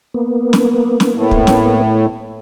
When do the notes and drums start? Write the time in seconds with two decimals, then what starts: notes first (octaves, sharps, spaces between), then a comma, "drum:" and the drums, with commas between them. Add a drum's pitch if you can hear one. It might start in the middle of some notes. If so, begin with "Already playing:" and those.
0.14 A#3 B3
0.53 drum: snare
1.00 drum: snare
1.16 A2
1.31 drum: kick
1.47 drum: snare